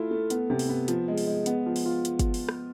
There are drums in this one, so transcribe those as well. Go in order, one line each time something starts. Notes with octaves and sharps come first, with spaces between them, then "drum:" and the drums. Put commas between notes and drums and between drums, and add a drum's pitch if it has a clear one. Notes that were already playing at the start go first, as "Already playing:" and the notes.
Already playing: A3 E4 F4
A3
B3, drum: hi-hat
C3
drum: open hi-hat
B3
F3, drum: hi-hat
G#3
drum: open hi-hat
G#3
B3, drum: hi-hat
F3
drum: open hi-hat
F4
drum: hi-hat
drum: kick, hi-hat
drum: open hi-hat
drum: rim click